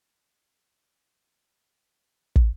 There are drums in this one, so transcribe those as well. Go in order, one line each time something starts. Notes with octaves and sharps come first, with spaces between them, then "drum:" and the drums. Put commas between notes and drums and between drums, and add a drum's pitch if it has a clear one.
E2 F3 F#3
drum: kick